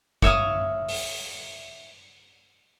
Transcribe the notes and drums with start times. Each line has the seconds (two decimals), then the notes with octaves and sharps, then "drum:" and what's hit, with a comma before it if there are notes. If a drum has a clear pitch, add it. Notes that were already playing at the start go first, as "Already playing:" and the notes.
0.22 C#5 E5 F5 D#6, drum: kick
0.89 drum: open hi-hat